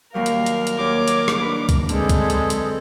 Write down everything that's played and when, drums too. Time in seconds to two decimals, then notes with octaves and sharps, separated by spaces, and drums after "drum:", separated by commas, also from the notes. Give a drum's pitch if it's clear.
0.14 D#2 F#3 G3 A#4 F5
0.26 drum: hi-hat
0.46 drum: hi-hat
0.67 drum: hi-hat
0.79 D#2 C#5 D6
1.08 drum: hi-hat
1.28 drum: rim click
1.41 D4 B4
1.69 drum: kick C2, hi-hat
1.89 D3 G#3 C4 A4 B4 C5, drum: hi-hat
2.09 drum: kick C2, hi-hat
2.30 drum: hi-hat
2.50 drum: hi-hat